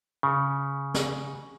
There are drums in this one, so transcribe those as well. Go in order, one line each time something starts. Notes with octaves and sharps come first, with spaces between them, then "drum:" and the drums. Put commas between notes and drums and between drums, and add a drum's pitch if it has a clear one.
C#3
drum: snare